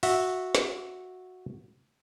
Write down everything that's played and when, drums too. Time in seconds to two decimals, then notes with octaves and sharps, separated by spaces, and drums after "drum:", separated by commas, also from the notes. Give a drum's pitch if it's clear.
0.03 F#4 E5, drum: open hi-hat
0.55 drum: snare